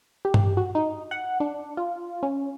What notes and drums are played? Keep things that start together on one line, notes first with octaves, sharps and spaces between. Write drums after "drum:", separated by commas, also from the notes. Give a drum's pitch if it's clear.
G4
drum: tom G2
F#4
D#4
F#5
D4
F4
C#4